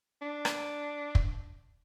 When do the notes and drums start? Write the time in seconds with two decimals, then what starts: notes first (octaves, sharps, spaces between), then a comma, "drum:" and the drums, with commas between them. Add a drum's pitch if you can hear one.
0.22 D4
0.45 drum: rim click
1.15 drum: kick